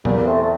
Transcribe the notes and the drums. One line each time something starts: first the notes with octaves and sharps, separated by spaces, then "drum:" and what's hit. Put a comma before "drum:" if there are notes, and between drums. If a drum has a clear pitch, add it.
E2 G3 A#3, drum: tom
A3 C4
A3